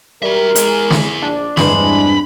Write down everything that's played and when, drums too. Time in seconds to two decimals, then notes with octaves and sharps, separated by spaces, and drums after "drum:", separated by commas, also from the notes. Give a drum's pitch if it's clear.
0.22 G3 F#4 A#4 E5
0.55 G#3 E4 G#4, drum: hi-hat
0.90 drum: snare
1.22 A#1 D4
1.57 E2 G2 C3 E3 G#3 C5 B5, drum: snare